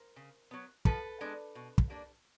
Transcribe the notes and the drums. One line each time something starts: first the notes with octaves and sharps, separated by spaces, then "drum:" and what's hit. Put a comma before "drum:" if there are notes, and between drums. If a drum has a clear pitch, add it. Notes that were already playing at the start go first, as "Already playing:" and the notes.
Already playing: A#4 C5
C#3
F#3 B3
F3 A4 B4, drum: kick
G#3 B3 D4
B2
drum: kick
G3 A#3 D4